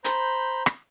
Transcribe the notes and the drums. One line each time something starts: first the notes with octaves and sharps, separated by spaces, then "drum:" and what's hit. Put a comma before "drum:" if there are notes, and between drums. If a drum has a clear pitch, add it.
C5 A#5 B5 G6, drum: hi-hat
drum: rim click